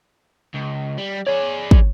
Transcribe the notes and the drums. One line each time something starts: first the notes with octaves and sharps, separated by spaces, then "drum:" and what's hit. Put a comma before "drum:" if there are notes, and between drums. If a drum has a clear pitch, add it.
C#2
G3
G#4 C#5 D5
drum: kick